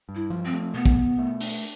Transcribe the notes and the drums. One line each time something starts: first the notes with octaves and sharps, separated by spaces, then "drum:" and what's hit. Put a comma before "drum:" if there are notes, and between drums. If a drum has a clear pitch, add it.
G2
E4
F3
C4
A3
B2 B3
drum: kick
B2
A3
D4, drum: open hi-hat